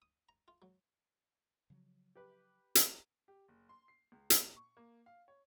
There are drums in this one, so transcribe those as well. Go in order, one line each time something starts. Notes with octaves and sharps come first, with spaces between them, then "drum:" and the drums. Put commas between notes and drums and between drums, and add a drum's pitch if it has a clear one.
D#6
A#5
F4
F#3
C#3 F3 F#3
G4 B4
drum: hi-hat
G4
F#1
C6
C7
C#2
A#2, drum: hi-hat
C#6
A#3
F5
C#5